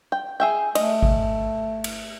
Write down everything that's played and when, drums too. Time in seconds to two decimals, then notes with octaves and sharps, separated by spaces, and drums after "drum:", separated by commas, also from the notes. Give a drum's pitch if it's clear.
0.12 G5
0.40 G#4 E5 G5
0.75 A3 D#5, drum: cymbal
1.03 drum: kick G#1
1.84 drum: cymbal